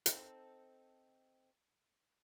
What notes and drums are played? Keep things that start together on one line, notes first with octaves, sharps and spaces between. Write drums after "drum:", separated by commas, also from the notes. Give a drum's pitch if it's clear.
C4 D#4 A4, drum: hi-hat